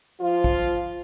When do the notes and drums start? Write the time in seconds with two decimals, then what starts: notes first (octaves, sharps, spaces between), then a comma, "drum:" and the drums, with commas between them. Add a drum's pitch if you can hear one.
0.21 F3 F4
0.44 drum: kick